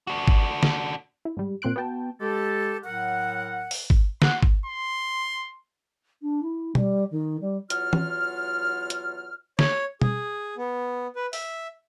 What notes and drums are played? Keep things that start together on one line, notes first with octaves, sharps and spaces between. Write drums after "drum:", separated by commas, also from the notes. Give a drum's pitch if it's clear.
D4 F#4
drum: kick
drum: snare
E4
G#2 G3
A#2 C4 C6 F#6 D7
B3 F#4 G5 A5
G#3 G4 A4
A2 F#3 A#4 F#5
drum: open hi-hat
drum: kick
F#5 C6, drum: snare
drum: kick
C6
D4
E4
G3, drum: tom B2
D#3
G3
E2 F#3 F4 F6, drum: hi-hat
drum: tom E3
drum: hi-hat
C#5, drum: snare
G#4, drum: tom B2
B3
B4
E5, drum: open hi-hat